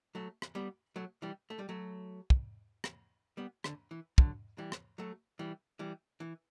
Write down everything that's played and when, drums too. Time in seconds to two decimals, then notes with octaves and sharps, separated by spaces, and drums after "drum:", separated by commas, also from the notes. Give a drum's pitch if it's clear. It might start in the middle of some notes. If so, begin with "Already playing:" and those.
0.15 F#3 A3
0.42 drum: rim click
0.55 G3 B3
0.96 F#3 A3
1.22 E3 G3
1.50 A3
1.59 G3
1.69 F#3 A3
2.30 drum: kick
2.84 drum: rim click
3.37 G3 B3
3.64 D3, drum: rim click
3.91 E3
4.18 D3 F#3, drum: kick
4.58 E3 G3
4.72 drum: rim click
4.98 F#3 A3
5.39 E3 G3
5.79 E3 G3
6.20 E3